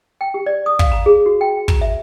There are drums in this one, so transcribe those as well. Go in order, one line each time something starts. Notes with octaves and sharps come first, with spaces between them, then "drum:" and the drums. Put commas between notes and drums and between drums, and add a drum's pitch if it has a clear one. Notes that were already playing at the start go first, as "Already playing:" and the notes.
G5
G4
D5
D#6
F5, drum: kick
A#5
G#4
F#4
G5
A#5, drum: kick
E5